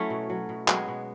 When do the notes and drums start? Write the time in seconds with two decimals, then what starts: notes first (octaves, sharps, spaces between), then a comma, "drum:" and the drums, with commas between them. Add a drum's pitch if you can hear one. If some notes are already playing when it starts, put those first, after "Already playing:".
Already playing: F#3 A3 C#4 E4
0.10 B2
0.30 F#3
0.49 B2
0.68 F#3 G#3 B3, drum: clap
0.88 B2